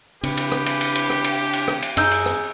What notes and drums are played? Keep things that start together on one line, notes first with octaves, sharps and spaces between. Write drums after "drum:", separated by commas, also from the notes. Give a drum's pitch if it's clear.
C#3 C4 D4 G4 B4, drum: cymbal
drum: cymbal
drum: rim click
drum: cymbal
drum: cymbal
drum: cymbal
drum: rim click
drum: cymbal
drum: cymbal
drum: rim click
drum: cymbal
F#2 D#4 G#4 E6 G6, drum: cymbal
drum: cymbal
drum: rim click